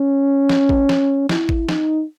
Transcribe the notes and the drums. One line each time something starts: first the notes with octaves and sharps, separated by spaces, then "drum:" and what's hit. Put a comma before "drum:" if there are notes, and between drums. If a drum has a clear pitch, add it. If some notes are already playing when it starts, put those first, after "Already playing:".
Already playing: C#4
drum: snare
drum: kick
drum: snare
E4, drum: snare
drum: kick
D#4, drum: snare